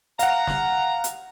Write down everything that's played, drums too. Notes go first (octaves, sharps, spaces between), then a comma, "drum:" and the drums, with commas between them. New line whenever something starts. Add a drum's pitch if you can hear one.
F5 F#5 A#5, drum: hi-hat
drum: snare
drum: hi-hat